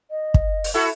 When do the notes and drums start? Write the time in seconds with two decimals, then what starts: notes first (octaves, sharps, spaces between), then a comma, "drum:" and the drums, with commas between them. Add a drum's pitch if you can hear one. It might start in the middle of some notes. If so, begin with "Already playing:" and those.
0.11 D#5
0.34 drum: kick
0.64 drum: open hi-hat
0.74 E4 F#4 A4 E5